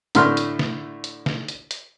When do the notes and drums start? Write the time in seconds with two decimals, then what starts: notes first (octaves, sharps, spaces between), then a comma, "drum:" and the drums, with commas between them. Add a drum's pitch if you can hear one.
0.15 A2 D3 A3 C6 F6, drum: hi-hat
0.37 drum: hi-hat
0.59 drum: snare
1.04 drum: hi-hat
1.26 drum: snare
1.48 drum: hi-hat
1.71 drum: hi-hat